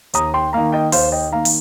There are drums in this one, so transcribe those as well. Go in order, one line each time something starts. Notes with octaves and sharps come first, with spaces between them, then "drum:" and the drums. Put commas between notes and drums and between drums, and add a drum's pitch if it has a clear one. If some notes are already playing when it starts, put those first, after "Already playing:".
D#2 A#5 D#6, drum: hi-hat
G5 C6
D#3 A#3 F5 A#5
D#5 G5
D#2 C5 F5, drum: open hi-hat
D#5 G5
D#3 A#3 F5 A#5
drum: open hi-hat